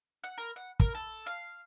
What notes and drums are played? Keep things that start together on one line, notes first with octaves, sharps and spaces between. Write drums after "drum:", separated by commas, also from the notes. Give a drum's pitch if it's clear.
F#5
A#4
F#5
A#4, drum: kick
A4
F5